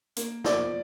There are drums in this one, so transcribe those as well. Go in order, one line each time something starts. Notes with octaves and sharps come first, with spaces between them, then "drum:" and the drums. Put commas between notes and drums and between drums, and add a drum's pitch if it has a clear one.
A#3, drum: hi-hat
F3 D5, drum: snare